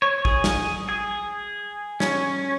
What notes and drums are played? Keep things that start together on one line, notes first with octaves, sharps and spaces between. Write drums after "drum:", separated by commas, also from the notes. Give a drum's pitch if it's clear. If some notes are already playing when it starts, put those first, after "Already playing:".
C#5
G#4, drum: kick A1
drum: snare
G#4
C#4, drum: snare